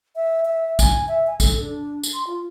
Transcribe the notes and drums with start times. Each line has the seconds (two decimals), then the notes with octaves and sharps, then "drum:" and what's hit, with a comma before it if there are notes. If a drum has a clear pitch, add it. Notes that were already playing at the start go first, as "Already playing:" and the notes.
0.16 E5
0.45 E5
0.79 G#5, drum: kick, tambourine
1.08 E5
1.27 G#5
1.40 A4, drum: kick, tambourine
1.61 D4
2.03 drum: tambourine
2.14 C6
2.27 F4